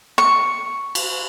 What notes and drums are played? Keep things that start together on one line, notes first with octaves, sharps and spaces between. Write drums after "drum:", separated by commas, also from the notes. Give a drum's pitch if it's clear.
C#6
drum: cymbal